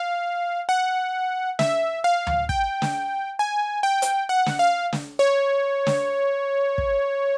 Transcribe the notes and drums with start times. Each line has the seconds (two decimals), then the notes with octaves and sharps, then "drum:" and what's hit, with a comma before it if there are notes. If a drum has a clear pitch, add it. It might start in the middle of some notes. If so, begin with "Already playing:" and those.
Already playing: F5
0.69 F#5
1.59 E5, drum: snare
2.04 F5
2.27 drum: tom D2
2.49 G5, drum: kick
2.82 drum: snare
3.39 G#5
3.83 G5
4.02 drum: hi-hat
4.29 F#5
4.46 drum: snare
4.59 F5
4.93 drum: snare
5.19 C#5
5.87 drum: snare
6.78 drum: kick